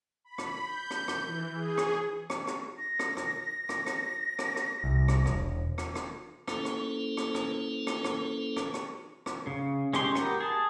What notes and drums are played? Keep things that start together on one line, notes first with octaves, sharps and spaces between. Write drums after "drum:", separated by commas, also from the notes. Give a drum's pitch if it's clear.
B5
drum: rim click
G6
drum: rim click
drum: rim click
E3
G#4
drum: rim click
drum: rim click
drum: rim click
A#6
drum: rim click
drum: rim click
drum: rim click
drum: rim click
drum: rim click
drum: rim click
C2
drum: rim click
E1, drum: rim click
drum: rim click
drum: rim click
A#3 C#4 E4 A4 B4 C5, drum: rim click
drum: rim click
drum: rim click
drum: rim click
drum: rim click
drum: rim click
drum: rim click
drum: rim click
drum: rim click
C#3
G#3 C#4 G4 C6, drum: rim click
B3 G4 A#4, drum: rim click
G#4 A5